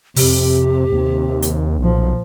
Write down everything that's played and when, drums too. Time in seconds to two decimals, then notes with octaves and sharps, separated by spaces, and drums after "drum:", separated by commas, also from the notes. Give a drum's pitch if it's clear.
0.16 F2 C3 G4, drum: open hi-hat
0.92 D#2 C3
1.42 drum: hi-hat
1.79 B1 A#2 F3